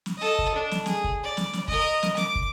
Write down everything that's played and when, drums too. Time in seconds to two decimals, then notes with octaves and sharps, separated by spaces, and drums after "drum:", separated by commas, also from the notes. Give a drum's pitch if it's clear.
0.06 drum: snare
0.17 A4 D#5
0.39 drum: kick
0.55 D4
0.71 drum: snare
0.86 G#4, drum: snare
1.04 drum: kick
1.23 D5
1.37 drum: snare
1.53 drum: snare
1.68 A#4 D#5, drum: kick
2.03 drum: snare
2.17 D6, drum: snare
2.35 drum: kick